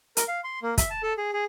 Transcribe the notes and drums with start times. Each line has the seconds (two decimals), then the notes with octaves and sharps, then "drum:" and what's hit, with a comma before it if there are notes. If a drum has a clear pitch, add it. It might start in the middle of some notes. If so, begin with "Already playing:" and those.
0.17 A#4, drum: hi-hat
0.28 F5
0.44 C6
0.62 A#3
0.78 E5, drum: kick, hi-hat
0.90 A5
1.03 A4
1.18 G#4
1.33 G#4